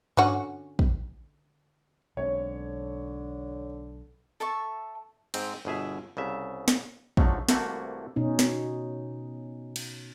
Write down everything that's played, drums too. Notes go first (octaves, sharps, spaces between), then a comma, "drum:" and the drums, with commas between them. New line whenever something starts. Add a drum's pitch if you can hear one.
D3 C#4 F#4, drum: tom G2
drum: kick
B1 D3 G#3 C4 C#5
A4 E5 A5 C#6
G#2 C4, drum: cymbal
G1 B2 G#4 E5
C2 C#3 E5
drum: snare
G#2 D3 F3 F#3 A3, drum: kick
C2 C3 E3 A3 A#3 F#4, drum: snare
B2 C#4 D#4
drum: snare
drum: cymbal